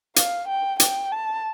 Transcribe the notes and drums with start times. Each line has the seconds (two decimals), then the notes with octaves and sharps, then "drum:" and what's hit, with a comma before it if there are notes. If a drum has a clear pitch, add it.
0.16 F5, drum: hi-hat
0.48 G5
0.80 G5, drum: hi-hat
1.12 A5